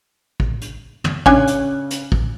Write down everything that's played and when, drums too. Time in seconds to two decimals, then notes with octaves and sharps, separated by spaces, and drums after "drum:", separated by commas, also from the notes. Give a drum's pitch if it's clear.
0.40 drum: kick
0.61 drum: hi-hat
1.04 drum: tom
1.26 C#3 C#4 D4 C#5 G#5 F#6, drum: kick
1.47 drum: hi-hat
1.90 drum: hi-hat
2.12 drum: kick